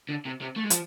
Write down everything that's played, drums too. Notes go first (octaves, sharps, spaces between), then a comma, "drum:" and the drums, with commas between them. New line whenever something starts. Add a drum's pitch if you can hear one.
D3
C3
C3
A3
G#3
F3, drum: hi-hat